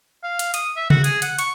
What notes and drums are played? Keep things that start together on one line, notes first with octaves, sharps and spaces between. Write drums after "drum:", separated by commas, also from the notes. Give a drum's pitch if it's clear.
F5
drum: hi-hat
D#6, drum: hi-hat
E5
F#4, drum: tom C3
G#4, drum: hi-hat
F#5, drum: hi-hat
C#6, drum: hi-hat